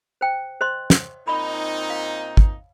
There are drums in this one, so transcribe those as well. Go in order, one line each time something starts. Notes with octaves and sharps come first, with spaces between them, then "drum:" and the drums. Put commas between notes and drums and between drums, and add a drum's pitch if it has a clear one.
C5 G5
C5 D#5 C6
drum: snare
A#2 C4 D#4 B5
F5
drum: kick